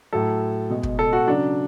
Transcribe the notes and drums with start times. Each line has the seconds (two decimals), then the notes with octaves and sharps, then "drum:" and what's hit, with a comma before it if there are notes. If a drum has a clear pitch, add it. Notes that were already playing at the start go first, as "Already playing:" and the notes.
0.13 A2 F#3 A4
0.70 B2 G#3
0.83 drum: kick
0.99 A4
1.13 F#4
1.27 C#3 F#3 D4